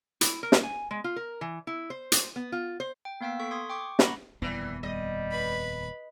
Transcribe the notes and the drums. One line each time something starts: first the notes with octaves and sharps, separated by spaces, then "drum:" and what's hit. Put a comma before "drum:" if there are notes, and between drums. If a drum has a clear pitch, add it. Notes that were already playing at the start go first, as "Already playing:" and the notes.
E4, drum: hi-hat
A#4
drum: snare
G#5
G#3
F4
A#4
E3
E4
C5
drum: hi-hat
B3
F4
C5
G5
A#3 B3 F5 G5 E6 B6
A4 C#6 B6
C6 D#6 G#6
G5 C#6 D6
F#5 A#5 B5 C#6 A#6, drum: snare
D#1 F2 E3 G3 B3
G3 D#5
B4 B5